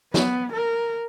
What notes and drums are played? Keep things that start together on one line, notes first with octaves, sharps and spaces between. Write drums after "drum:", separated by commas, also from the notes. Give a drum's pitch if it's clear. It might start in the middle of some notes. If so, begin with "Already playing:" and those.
B3, drum: snare
A#4